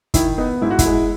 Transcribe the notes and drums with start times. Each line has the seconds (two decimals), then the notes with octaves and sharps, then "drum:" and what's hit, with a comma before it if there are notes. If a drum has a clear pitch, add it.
0.14 D#3 E4, drum: kick, hi-hat
0.38 B3 D#4
0.62 G#2 E4
0.70 F#4
0.79 E4, drum: kick, hi-hat
0.86 G#3